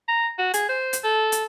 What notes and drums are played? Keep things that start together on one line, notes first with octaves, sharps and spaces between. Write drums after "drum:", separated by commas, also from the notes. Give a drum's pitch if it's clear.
A#5
F#4
G#4, drum: hi-hat
C5
drum: hi-hat
A4
drum: hi-hat